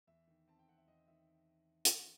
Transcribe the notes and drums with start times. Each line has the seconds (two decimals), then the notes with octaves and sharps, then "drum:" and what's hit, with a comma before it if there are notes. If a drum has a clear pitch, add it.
0.07 E2 E5
0.28 D#3
0.48 C4 A5
0.59 G5
0.68 C4 F#5
0.78 E5
0.88 E2 D#5
1.08 D#3 E5
1.85 drum: hi-hat